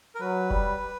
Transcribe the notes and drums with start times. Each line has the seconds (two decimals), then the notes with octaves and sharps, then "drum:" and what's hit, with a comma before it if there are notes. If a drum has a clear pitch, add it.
0.15 A#4
0.20 F#3 B4
0.50 G3, drum: kick F1